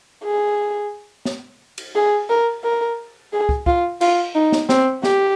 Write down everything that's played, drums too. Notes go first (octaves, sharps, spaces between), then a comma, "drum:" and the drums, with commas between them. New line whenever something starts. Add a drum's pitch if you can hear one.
G#4
drum: snare
drum: cymbal
G#4
A#4
A#4
G#4
drum: kick
F4, drum: kick
F4, drum: cymbal
D#4
drum: snare
C4, drum: snare
G4, drum: snare